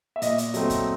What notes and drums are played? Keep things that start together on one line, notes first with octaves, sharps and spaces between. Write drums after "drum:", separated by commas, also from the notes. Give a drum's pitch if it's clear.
E5
A#2 D#5, drum: hi-hat
drum: hi-hat
F#3 A3 C4, drum: hi-hat
drum: kick, hi-hat